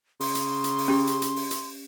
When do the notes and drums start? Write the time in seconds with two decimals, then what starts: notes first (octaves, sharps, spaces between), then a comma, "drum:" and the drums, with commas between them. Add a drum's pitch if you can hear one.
0.20 C#3 C6, drum: open hi-hat
0.35 drum: hi-hat
0.64 drum: hi-hat
0.78 drum: open hi-hat
0.88 C#4 G4
1.07 drum: hi-hat
1.22 drum: hi-hat
1.36 drum: open hi-hat
1.51 drum: hi-hat